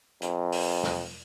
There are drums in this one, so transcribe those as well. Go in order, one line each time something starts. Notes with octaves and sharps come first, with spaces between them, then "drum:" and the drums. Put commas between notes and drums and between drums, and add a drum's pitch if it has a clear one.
F2, drum: hi-hat
drum: open hi-hat
drum: snare